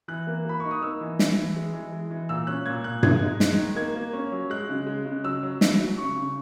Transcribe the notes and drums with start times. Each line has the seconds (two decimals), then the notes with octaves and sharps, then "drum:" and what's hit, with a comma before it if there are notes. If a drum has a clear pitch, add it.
0.08 E3 F#6
0.27 A#3
0.45 A#3 B5
0.60 D#4 C#6
0.71 D#6
0.82 A#3 E6
1.01 E3
1.19 E3, drum: snare
1.38 E3
1.56 G#3
1.74 E3
1.92 G#3
2.11 E3
2.29 A#2 E6
2.47 C#4 F#6
2.66 A#2 G#6
2.84 A#2 F#6
3.03 G#3 G#6, drum: tom G2
3.21 D#4
3.40 G#3, drum: snare
3.58 D#3
3.76 A#3 G#6
3.95 A#3
4.13 C#4
4.32 F#3
4.50 G#3 F#6
4.69 C#3
4.87 G#3
5.05 C#3
5.24 F#3 E6
5.43 F#3
5.61 E4, drum: snare
5.79 F#3
5.97 C#3 C#6
6.16 C#3